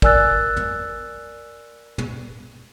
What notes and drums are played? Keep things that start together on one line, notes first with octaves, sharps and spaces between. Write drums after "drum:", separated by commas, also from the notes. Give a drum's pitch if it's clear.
A#4 D5 G#5 E6 F#6 A6, drum: kick
drum: tom
drum: tom